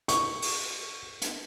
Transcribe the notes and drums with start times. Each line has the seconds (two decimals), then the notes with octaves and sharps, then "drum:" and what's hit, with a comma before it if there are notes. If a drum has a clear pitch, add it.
0.08 C#6, drum: hi-hat
0.42 drum: open hi-hat
1.22 drum: hi-hat